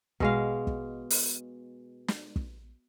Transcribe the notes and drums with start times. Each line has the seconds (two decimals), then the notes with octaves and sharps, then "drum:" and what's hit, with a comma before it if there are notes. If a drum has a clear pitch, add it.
0.20 B2 G#3 F5, drum: kick
0.67 drum: kick
1.10 drum: open hi-hat
2.08 drum: snare
2.36 drum: kick